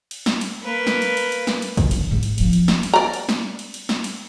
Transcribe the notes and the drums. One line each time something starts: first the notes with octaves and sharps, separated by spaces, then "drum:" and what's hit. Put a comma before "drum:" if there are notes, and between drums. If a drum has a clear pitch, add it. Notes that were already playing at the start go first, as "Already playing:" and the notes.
drum: cymbal
drum: snare
drum: cymbal
A#3 B4
drum: snare
drum: cymbal
drum: cymbal
drum: cymbal
drum: snare
drum: cymbal
drum: kick G#1, cymbal
D3, drum: cymbal
G#2
drum: cymbal
E2 F3, drum: cymbal
drum: cymbal
drum: snare
drum: cymbal
D5 A#5
drum: cymbal
drum: snare
drum: cymbal
drum: cymbal
drum: snare
drum: cymbal